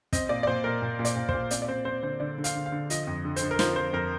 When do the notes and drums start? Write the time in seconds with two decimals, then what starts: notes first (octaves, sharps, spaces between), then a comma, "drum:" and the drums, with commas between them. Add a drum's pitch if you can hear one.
0.13 C4 D#5, drum: kick, hi-hat
0.29 A#2 D5
0.43 D5
0.47 A#2 C5
0.64 A#2 A#4
0.82 A#2
0.99 A#2
1.05 D5, drum: hi-hat
1.16 A#2
1.29 C5, drum: kick
1.34 A#2
1.51 C4 D5, drum: hi-hat
1.62 D5
1.68 C4 C5
1.85 C4 C5
2.02 D3 C5
2.20 D3 D5
2.38 D3
2.44 F5, drum: hi-hat
2.55 D3
2.66 F5
2.72 D3
2.90 F3 D#5, drum: hi-hat
3.07 F2
3.25 D3
3.36 C5, drum: hi-hat
3.42 D3
3.51 A#4
3.59 F3 C5, drum: snare
3.76 F3 C5
3.93 F2 A#4